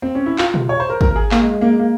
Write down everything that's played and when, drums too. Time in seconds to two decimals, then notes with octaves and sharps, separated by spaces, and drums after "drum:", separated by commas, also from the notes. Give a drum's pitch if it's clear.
0.02 C4
0.15 C#4
0.26 E4
0.38 F4, drum: clap
0.54 drum: tom B2
0.69 C#5
0.80 C5
0.89 A#4
1.01 A#4, drum: kick
1.11 A#4
1.16 G#4
1.31 A#3, drum: clap
1.41 G#3
1.52 G#3
1.61 A#3
1.70 G#3
1.79 A#3